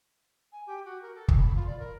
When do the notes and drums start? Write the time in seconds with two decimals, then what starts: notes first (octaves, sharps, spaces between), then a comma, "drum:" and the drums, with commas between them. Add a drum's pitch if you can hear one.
0.52 G#5
0.67 G4
0.85 F#4
1.02 A#4
1.15 A4
1.28 drum: kick
1.39 B5
1.56 F4
1.67 D5
1.79 A#4